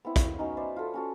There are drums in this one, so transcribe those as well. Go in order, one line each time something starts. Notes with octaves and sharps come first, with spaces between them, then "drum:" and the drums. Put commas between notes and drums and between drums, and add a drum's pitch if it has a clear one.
B3 C4 E4
C#5 F5 C6 C#6, drum: kick, hi-hat
F#3 B3 C#4 D#4
B4 C5 D5 E5
F4 A4
C#4 F#4 A4